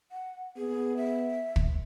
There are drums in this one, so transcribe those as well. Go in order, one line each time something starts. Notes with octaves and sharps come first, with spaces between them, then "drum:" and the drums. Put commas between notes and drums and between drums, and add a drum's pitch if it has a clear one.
F#5
B3 G#4
E5
drum: kick